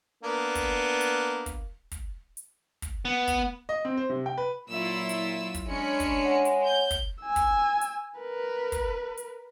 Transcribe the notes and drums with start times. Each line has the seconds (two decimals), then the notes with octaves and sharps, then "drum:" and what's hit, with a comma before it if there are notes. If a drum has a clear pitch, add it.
0.24 A#3 B3 D4
0.56 drum: kick, hi-hat
1.01 drum: hi-hat
1.46 drum: kick, hi-hat
1.92 drum: kick, hi-hat
2.37 drum: hi-hat
2.82 drum: kick, hi-hat
3.05 B3
3.28 drum: kick, hi-hat
3.69 D#5
3.85 C4
3.97 C5
4.10 C3
4.26 G5
4.38 B4
4.69 A#2 F#3 E4 F4 E6
5.09 drum: hi-hat
5.55 drum: kick, hi-hat
5.68 G#3 C#4 D4 B5 C#7
6.00 drum: kick, hi-hat
6.23 C#5 F#5 G#5
6.45 drum: hi-hat
6.65 G6
6.91 drum: kick, hi-hat
7.22 G#5 E6
7.36 drum: kick, hi-hat
7.81 drum: hi-hat
8.20 A#4 B4
8.72 drum: kick, hi-hat
9.18 drum: hi-hat